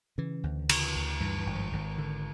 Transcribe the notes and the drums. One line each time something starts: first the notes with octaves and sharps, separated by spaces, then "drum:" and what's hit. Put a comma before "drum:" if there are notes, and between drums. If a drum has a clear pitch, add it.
C#3 E3
D2
C#3, drum: cymbal
D2
G2 E3
E3
G#1
F3
G#1 D#3
D3